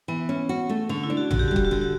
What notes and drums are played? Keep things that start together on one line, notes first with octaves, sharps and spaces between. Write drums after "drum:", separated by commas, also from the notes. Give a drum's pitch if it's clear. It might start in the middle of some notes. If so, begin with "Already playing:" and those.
E3 B3
C#4
F#4
A3
D3 C#4
E4
D4
F#4
D3 F#4, drum: tom A#1
G4
G3 F#4
G4, drum: kick
F#4
D3 G4
F#4